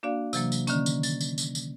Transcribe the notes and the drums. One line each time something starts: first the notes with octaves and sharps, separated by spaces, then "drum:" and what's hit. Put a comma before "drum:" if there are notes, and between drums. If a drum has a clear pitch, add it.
A#3 D4 F#4 D5 F5
C3 E3 F#3 A#3, drum: tambourine
drum: tambourine
D3 D#3 A#3 C#4, drum: tambourine
drum: tambourine
A6, drum: tambourine
drum: tambourine
drum: tambourine
drum: tambourine